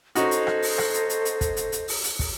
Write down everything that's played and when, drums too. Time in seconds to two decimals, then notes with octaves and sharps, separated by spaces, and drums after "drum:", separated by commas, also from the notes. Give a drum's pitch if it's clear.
0.15 C#4 D#4 F#4 A4 C5 D#5, drum: hi-hat
0.31 drum: hi-hat
0.47 drum: rim click
0.62 drum: open hi-hat
0.78 drum: rim click
0.94 drum: hi-hat
1.10 drum: hi-hat
1.25 drum: hi-hat
1.41 drum: kick, hi-hat
1.57 drum: hi-hat
1.72 drum: hi-hat
1.88 drum: open hi-hat
2.04 drum: hi-hat
2.19 drum: kick, open hi-hat